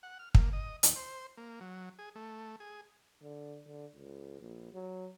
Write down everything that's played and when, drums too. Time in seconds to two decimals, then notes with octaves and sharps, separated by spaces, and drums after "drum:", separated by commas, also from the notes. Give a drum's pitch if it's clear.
0.03 F#5
0.19 F6
0.35 A#3, drum: kick
0.53 D#5
0.83 D#2, drum: hi-hat
0.96 C5
1.37 A#3
1.61 F#3
1.99 G#4
2.15 A3
2.60 G#4
3.22 D3
3.67 D3
3.96 C#2
4.40 A#1
4.73 F#3